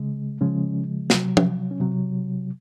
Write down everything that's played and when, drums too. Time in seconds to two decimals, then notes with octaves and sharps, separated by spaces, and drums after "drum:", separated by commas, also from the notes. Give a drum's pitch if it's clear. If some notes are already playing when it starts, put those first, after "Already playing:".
Already playing: C#3 G#3
0.41 C#3 F3 G#3 C#4
1.10 C3 F#3, drum: snare
1.37 drum: tom
1.71 C#4
1.80 C3 F#3 C4